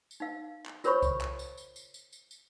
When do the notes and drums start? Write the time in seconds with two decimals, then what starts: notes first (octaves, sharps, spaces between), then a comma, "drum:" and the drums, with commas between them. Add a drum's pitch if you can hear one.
0.11 drum: tambourine
0.20 D#4 F5
0.66 drum: clap
0.84 F4 A#4 C5 C#5 B5 C#6, drum: tambourine
1.02 drum: kick C2, tambourine
1.21 drum: clap
1.39 drum: tambourine
1.57 drum: tambourine
1.76 drum: tambourine
1.94 drum: tambourine
2.12 drum: tambourine
2.31 drum: tambourine